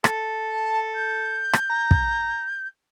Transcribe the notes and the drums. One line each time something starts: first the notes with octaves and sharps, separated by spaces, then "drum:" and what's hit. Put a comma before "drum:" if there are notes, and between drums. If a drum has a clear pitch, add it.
A4, drum: rim click
A5
G6
drum: rim click
A#5
drum: kick